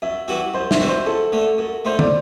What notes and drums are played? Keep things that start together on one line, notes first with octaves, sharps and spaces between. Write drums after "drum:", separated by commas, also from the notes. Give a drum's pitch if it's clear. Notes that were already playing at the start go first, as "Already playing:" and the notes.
F#2 E5
E3 G3 C4 F#4
F#2 C5
E5, drum: snare
E3 G3 C4 F#4
C5
F#2 A4
D3 A3
F#2
D3 A3 C5
D5, drum: tom